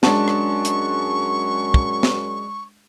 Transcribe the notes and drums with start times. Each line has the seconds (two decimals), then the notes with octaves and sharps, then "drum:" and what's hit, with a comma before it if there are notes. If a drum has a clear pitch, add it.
0.03 F#2 G#3 D4 A5 C#6, drum: snare
0.28 drum: rim click
0.65 drum: hi-hat
1.74 drum: kick
2.03 drum: snare